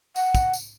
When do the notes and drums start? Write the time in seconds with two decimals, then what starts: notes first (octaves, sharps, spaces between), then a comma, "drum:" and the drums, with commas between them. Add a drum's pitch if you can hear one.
0.16 F#5, drum: tambourine
0.35 drum: kick, tambourine
0.53 drum: tambourine